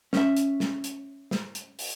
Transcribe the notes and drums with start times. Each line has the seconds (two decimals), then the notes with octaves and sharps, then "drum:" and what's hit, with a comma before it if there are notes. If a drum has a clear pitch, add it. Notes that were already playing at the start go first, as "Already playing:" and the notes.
0.13 C#4 E5, drum: snare
0.37 drum: hi-hat
0.60 drum: snare
0.84 drum: hi-hat
1.31 drum: snare
1.55 drum: hi-hat
1.79 drum: open hi-hat